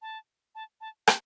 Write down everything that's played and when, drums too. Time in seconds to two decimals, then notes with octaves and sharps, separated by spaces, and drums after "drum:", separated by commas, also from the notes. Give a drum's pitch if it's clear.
0.02 A5
0.55 A5
0.81 A5
1.07 G5, drum: rim click